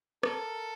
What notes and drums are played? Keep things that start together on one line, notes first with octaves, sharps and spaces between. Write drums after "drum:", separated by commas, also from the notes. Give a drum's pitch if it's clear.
A4 A#4, drum: rim click